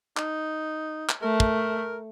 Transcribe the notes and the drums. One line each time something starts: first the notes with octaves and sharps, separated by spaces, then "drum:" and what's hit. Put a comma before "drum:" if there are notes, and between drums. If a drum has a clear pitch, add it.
D#4, drum: clap
drum: clap
A3 A#4
drum: kick